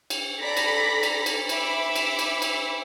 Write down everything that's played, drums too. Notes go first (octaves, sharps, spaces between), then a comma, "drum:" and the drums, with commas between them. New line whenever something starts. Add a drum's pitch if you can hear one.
drum: cymbal
A4 D5 A#5 B5 A#6 B6
drum: cymbal
drum: cymbal
drum: cymbal
E5 B5 D6 E6, drum: cymbal
drum: cymbal
drum: cymbal
drum: cymbal